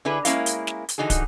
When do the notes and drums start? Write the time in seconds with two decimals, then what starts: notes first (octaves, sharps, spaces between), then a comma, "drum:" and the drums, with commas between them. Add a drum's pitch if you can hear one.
0.05 D3 E4 G#4 B4
0.25 G#3 A#3 C#4 E4 A#4 F5, drum: hi-hat
0.46 drum: hi-hat
0.67 drum: snare
0.89 drum: hi-hat
0.98 D3 E3 D#4 F#4 G#4
1.10 drum: kick, hi-hat